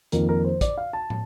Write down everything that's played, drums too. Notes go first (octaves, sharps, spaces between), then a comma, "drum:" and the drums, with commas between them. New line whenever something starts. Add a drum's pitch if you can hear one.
F2 D#3 A#3 A#4, drum: hi-hat
A#4
C5
D5, drum: kick, hi-hat
F5
A5
drum: tom